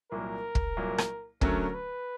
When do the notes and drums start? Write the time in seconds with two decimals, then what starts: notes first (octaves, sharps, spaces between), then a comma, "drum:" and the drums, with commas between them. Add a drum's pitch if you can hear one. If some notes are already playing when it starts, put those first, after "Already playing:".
0.12 C2 A#2 F#3 A#3 A#4
0.55 drum: kick
0.77 C2 A#2 F#3 A#3
0.98 drum: rim click
1.41 D3 F#3 A3 C#4 A#4, drum: kick
1.74 B4